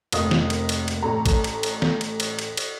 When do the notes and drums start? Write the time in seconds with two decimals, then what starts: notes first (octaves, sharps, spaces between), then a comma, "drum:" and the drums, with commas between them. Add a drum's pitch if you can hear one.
0.12 F1 A#3 D#5 F5 D#6, drum: cymbal
0.31 drum: snare
0.50 drum: cymbal
0.69 drum: cymbal
0.88 drum: cymbal
1.03 A1 A4 A#5
1.26 drum: kick, cymbal
1.44 drum: cymbal
1.63 drum: cymbal
1.82 drum: snare
2.01 drum: cymbal
2.20 drum: cymbal
2.39 drum: cymbal
2.57 drum: cymbal